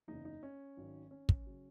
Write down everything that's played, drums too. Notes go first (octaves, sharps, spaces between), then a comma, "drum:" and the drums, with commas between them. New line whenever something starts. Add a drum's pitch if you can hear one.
F#1 E2 C#3 D#4
D#4
C#4
G#1 G#2 D#3 F#3
C#4
drum: kick
C#3 F#3